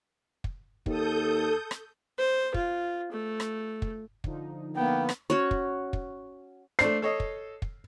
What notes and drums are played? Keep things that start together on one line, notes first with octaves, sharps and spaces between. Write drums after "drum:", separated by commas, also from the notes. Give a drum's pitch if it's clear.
drum: kick
D#2 A4 D#6 G6, drum: kick
drum: rim click
C5
F4, drum: kick
A3
drum: rim click
drum: kick
D3 F3 D#4, drum: kick
A#3 B3 G5
drum: rim click
C#4 F#4 C#5
drum: kick
drum: kick
A3 D4 C5 C7, drum: rim click
A4 C#5 D#5
drum: kick
drum: kick